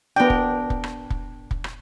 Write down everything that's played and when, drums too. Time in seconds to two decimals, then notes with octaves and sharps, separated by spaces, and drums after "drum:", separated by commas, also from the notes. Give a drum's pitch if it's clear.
0.16 B3 D4 A#4 G5
0.30 drum: kick
0.70 drum: kick
0.84 drum: rim click
1.10 drum: kick
1.51 drum: kick
1.64 drum: rim click